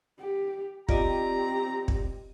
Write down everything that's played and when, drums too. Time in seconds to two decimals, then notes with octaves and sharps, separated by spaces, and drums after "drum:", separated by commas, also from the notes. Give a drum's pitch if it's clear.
0.19 G4
0.89 C4 F4 G4 D5 D#5 A#5, drum: kick
1.88 drum: kick